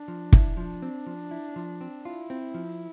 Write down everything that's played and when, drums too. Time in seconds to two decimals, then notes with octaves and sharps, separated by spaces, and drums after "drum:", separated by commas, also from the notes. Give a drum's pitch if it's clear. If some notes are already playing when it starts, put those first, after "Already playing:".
Already playing: D4
0.08 F3
0.33 E4, drum: kick
0.57 F3 D4
0.82 C4
1.07 F3
1.31 E4
1.56 F3
1.81 C4
2.05 E4 F4
2.30 C4
2.54 F3